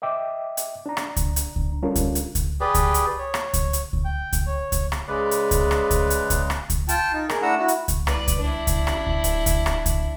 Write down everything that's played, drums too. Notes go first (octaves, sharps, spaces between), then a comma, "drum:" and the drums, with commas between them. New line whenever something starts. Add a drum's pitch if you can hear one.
D#5 E5 G5 D6
drum: hi-hat
D4 A#5
drum: rim click
drum: kick C#2, hi-hat
drum: hi-hat
drum: kick C#2
G3 C#4 D4 F4 A4 A#4
drum: kick C#2, hi-hat
drum: hi-hat
drum: kick C#2, hi-hat
G4 G#4 B4 D5
drum: kick C#2, hi-hat
drum: hi-hat
C#5
drum: rim click
drum: kick C#2, hi-hat
drum: hi-hat
drum: kick C#2
G5
drum: kick C#2, hi-hat
C#5
drum: kick C#2, hi-hat
drum: rim click
C#3 G#3 B4 D5
drum: hi-hat
drum: kick C#2, hi-hat
drum: rim click
drum: kick C#2, hi-hat
drum: hi-hat
drum: kick C#2, hi-hat
drum: rim click
drum: kick C#2, hi-hat
F4 G5 A5, drum: hi-hat
D#4
G#4 A#4, drum: rim click
A3 D4 E4 F#5 A#5 E6
E4 F#4
drum: hi-hat
drum: kick C#2, hi-hat
C2 B4 D5, drum: rim click
drum: kick C#2, hi-hat
D4 E4
drum: kick C#2, hi-hat
A1, drum: rim click
drum: kick C#2
D1, drum: hi-hat
drum: kick C#2, hi-hat
drum: rim click
drum: kick C#2, hi-hat